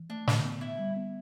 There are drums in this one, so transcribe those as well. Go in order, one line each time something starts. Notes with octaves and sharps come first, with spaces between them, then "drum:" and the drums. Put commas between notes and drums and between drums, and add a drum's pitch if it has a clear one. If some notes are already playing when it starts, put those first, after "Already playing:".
Already playing: E3
A3 D4
D3, drum: snare
B3
B3 E4
G3
B3